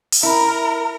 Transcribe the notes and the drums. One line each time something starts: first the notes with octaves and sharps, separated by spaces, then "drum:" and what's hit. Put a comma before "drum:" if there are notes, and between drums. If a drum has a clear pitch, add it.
drum: open hi-hat
E4 A#4